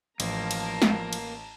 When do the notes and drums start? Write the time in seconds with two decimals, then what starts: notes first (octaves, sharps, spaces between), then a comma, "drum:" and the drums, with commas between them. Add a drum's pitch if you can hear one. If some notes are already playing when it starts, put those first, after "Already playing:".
0.20 A1 F3 A#3 A5 A#5, drum: cymbal
0.51 drum: cymbal
0.82 drum: snare
1.13 drum: cymbal